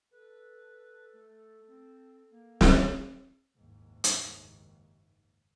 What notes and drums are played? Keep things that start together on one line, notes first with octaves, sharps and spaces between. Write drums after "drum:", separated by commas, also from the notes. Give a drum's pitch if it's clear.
A4 B4
A3
C4
A#3
drum: snare
F#1 D#2 G#2
drum: hi-hat